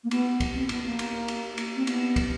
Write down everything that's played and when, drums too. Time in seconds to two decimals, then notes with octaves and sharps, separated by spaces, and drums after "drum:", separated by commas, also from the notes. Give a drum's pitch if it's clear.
0.04 A#3
0.11 B3, drum: cymbal
0.40 drum: kick, cymbal
0.55 C4
0.69 B3, drum: cymbal
0.84 A#3
0.99 drum: cymbal
1.28 drum: cymbal
1.58 drum: cymbal
1.76 C4
1.87 B3, drum: cymbal
2.16 drum: kick, cymbal